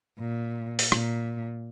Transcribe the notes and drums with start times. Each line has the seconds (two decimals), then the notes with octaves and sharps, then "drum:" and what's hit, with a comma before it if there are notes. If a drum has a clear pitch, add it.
0.20 A#2
0.79 drum: open hi-hat
0.92 A#2, drum: rim click